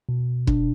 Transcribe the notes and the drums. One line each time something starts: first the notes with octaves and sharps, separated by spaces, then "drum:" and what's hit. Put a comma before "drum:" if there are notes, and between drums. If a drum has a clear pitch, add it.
B2
D4, drum: kick